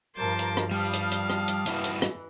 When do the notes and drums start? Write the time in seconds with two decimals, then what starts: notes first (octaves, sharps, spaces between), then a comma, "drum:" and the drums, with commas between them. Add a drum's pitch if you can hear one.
0.17 G2 F3 A#4 C5 A5 D6
0.39 drum: hi-hat
0.57 drum: rim click
0.71 G3 F5 A5 D#6 F6
0.93 drum: hi-hat
1.11 drum: hi-hat
1.30 drum: rim click
1.48 drum: hi-hat
1.66 G2 E3 E4 F#4, drum: hi-hat
1.84 drum: hi-hat
2.02 drum: rim click